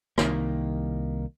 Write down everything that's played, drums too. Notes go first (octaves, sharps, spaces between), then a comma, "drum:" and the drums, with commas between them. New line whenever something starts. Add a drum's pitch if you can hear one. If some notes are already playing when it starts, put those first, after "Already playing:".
C2 D#3 A#3, drum: rim click